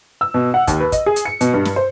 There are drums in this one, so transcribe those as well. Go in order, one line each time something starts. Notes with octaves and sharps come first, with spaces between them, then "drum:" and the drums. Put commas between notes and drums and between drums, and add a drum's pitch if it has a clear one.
E6
B2
F#5
D#2, drum: kick, hi-hat
B4
D#5, drum: kick, hi-hat
G#4
drum: hi-hat
C#7
B2, drum: hi-hat
G2
drum: snare
C5